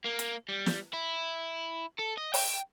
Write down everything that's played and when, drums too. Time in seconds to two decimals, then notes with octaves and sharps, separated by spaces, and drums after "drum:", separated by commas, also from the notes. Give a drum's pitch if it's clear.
0.05 A#3
0.19 drum: hi-hat
0.49 G3
0.66 drum: snare
0.93 E4
1.99 A4
2.18 D#5
2.34 G5, drum: open hi-hat